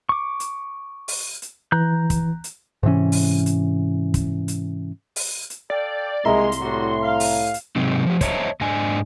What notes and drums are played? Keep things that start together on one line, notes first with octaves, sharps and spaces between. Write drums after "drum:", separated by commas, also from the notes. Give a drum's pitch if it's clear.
C#6 D6
drum: hi-hat
drum: open hi-hat
drum: hi-hat
E3 A#5 F#6 G6
drum: kick, hi-hat
drum: hi-hat
G#2 C3 E3 C#4
drum: open hi-hat
drum: hi-hat
drum: kick, hi-hat
drum: hi-hat
drum: open hi-hat
drum: hi-hat
A4 D5 F5 G5
C2 D#3 G#3 A#3 E5 A#5 C6
drum: hi-hat
A2 G3 F#4
F5
drum: open hi-hat
drum: hi-hat
G#2 C3 F#3 C4 D#4
F3 G4
C5 C#5 D#5 E5 A5 A#5, drum: kick, hi-hat
G#2 D4 D#5 G#5